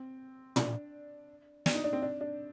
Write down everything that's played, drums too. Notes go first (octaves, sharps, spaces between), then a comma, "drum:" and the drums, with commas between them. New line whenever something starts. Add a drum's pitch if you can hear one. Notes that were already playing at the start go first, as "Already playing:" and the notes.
Already playing: C4
D4, drum: tom
D4, drum: snare
D#4
D4
C4
D4
D4